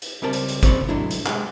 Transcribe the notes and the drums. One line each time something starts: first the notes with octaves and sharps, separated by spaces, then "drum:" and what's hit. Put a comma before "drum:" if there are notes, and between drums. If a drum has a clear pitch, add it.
drum: hi-hat
C#2 G3 C4 A#4 A5
drum: hi-hat
drum: hi-hat
D#2 C#3 C4 C#5 D5 B5, drum: kick, hi-hat
G#2 F#3 A3 D4 E4
drum: hi-hat
G#3 G4 B4, drum: clap